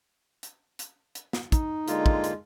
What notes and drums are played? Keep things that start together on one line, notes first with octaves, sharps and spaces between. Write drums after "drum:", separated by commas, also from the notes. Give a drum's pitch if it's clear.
drum: hi-hat
drum: hi-hat
drum: hi-hat
drum: snare
D#4, drum: kick, hi-hat
D3 G#3 A#3 F4, drum: hi-hat
drum: kick
drum: hi-hat